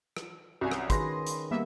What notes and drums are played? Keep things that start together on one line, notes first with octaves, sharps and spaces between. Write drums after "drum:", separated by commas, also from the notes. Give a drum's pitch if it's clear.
drum: rim click
C2 C#4 F#4 G#5
drum: rim click
D#3 G#4 B4 C6 A#6, drum: kick, hi-hat
drum: hi-hat
G3 A#3 B3 E5